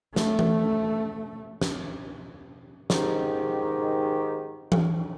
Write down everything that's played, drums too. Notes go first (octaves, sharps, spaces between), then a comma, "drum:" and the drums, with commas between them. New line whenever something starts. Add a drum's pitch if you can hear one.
A3, drum: snare
drum: tom E3
drum: snare
G#2 D#3 G4, drum: snare
drum: tom E3